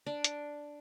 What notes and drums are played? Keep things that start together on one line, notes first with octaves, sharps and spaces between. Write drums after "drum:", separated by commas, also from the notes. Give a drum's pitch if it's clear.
D4
drum: hi-hat